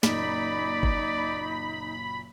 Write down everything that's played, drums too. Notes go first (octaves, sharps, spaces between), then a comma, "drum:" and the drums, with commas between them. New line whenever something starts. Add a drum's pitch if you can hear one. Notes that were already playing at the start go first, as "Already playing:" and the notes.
F#1 A#2 D#4 D5 B5, drum: snare
drum: kick